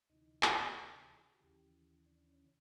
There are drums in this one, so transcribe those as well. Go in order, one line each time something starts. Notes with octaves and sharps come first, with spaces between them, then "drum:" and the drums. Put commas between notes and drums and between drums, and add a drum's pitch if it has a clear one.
D2 C3 E3 D#4
D4, drum: clap
D4
A4
G#4
F#4
D#2 C#3 E3 G4
D4
C#4